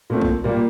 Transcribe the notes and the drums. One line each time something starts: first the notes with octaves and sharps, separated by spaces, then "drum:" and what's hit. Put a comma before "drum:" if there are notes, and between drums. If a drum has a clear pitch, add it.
A#2 A3 C4
drum: kick B1
A#2 G3 A#3